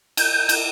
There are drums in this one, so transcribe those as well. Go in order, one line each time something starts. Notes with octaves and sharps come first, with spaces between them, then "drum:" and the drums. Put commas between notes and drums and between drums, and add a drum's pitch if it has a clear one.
G6, drum: cymbal
drum: cymbal